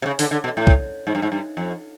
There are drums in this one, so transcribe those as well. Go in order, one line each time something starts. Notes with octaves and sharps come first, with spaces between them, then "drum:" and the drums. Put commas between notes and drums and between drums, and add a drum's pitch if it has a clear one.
C3
C#3
D3, drum: open hi-hat
D3
B2
A2
drum: kick
G#2
G2
G#2
G2
F2